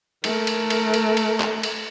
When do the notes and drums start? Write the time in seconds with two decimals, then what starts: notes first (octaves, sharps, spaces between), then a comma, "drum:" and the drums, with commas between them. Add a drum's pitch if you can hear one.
0.24 A3 A#4, drum: cymbal
0.47 drum: cymbal
0.70 drum: cymbal
0.94 drum: cymbal
1.17 drum: cymbal
1.40 drum: clap
1.63 drum: cymbal